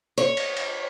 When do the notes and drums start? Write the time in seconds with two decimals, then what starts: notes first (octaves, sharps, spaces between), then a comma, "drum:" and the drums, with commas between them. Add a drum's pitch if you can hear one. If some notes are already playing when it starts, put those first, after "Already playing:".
0.18 C#5
0.37 drum: cymbal
0.57 drum: cymbal